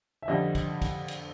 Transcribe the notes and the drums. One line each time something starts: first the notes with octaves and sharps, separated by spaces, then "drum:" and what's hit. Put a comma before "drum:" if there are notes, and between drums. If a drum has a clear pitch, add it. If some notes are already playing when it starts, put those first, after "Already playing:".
E5
F2 D3 G3 D#5
drum: kick, cymbal
drum: kick, cymbal
drum: cymbal